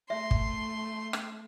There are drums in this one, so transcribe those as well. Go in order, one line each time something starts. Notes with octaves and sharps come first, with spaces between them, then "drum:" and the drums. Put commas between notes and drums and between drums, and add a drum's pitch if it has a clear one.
A3 E5 C6
drum: kick
drum: rim click